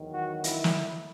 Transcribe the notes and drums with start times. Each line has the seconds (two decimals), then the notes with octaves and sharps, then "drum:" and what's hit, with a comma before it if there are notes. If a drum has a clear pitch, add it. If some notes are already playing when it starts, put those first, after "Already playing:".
Already playing: E2 D#3 F#3
0.13 F#4
0.44 E4, drum: hi-hat
0.64 drum: snare